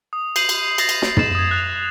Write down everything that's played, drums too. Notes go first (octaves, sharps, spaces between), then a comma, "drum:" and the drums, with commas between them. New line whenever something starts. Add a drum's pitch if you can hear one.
D#6
G6 C7 D#7 F#7, drum: cymbal
drum: cymbal
D#6 A6 A#6 C7, drum: cymbal
drum: cymbal
drum: snare
A6 E7, drum: tom
D#6 G#6
F#6 A6 F7